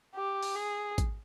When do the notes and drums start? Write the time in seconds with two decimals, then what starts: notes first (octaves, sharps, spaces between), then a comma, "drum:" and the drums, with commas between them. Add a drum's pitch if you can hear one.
0.15 G4
0.43 drum: open hi-hat
0.56 G#4
0.98 drum: kick, hi-hat